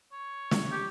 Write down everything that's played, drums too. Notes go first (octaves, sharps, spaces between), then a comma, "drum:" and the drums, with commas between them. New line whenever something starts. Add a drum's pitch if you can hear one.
C#5
drum: snare
G4